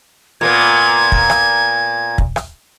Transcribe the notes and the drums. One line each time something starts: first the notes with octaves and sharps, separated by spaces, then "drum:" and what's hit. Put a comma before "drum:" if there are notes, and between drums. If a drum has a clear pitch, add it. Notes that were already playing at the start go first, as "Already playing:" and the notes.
A#2 A#3 B3 G#6
drum: kick
drum: rim click
drum: kick
drum: rim click